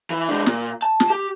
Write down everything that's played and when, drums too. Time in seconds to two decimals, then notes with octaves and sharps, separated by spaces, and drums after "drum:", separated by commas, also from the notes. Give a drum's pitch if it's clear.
0.10 E3
0.29 G#3 D4
0.46 A#2, drum: snare
0.82 A5
1.00 drum: snare
1.10 G4